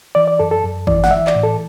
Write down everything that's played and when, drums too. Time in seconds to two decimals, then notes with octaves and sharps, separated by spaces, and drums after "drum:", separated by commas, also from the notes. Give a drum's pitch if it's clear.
0.15 E3 D5
0.28 D5
0.40 F#2 A4
0.51 A4
0.64 F#2
0.87 E3 D5, drum: kick
1.04 F#5, drum: snare
1.11 E3 E5
1.27 D5, drum: clap
1.35 A2
1.43 A4